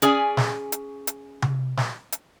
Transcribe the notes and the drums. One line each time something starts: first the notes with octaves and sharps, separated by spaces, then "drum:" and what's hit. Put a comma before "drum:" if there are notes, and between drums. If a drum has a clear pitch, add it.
C#4 G#4 D5 G#5, drum: hi-hat
drum: snare
drum: hi-hat
drum: hi-hat
drum: tom C3
drum: snare
drum: hi-hat